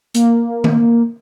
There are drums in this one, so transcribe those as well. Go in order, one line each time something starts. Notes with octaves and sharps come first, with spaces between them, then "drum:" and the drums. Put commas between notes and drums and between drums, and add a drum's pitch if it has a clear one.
A#3, drum: hi-hat
drum: tom D#3